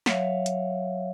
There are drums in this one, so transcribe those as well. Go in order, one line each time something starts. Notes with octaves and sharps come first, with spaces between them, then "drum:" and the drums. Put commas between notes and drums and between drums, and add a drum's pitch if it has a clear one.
F#3 C#5 E5 F5, drum: snare
drum: hi-hat